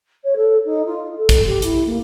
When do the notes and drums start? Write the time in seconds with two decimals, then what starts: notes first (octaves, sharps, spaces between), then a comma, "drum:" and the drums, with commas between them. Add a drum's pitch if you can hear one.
0.23 C#5
0.36 A4
0.64 D#4
0.86 F4
1.17 A4
1.29 drum: kick, hi-hat
1.46 G4
1.62 E4, drum: hi-hat
1.86 A#3